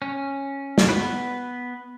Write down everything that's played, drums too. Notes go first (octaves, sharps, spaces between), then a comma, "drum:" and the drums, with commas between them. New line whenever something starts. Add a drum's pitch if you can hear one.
C#4
drum: snare
B3 B4